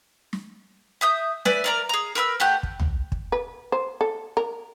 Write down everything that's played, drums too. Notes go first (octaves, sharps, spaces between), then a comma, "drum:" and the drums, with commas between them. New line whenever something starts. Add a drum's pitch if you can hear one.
drum: snare
E5 D#6 G6
B4 D5 E5 G#5, drum: snare
A#4 D5 A#5
G#4 A#5
A#4 B4 B5 E6
A3 G4 F#5 F#6
drum: kick
drum: tom
drum: kick
B4
C5
A4
A#4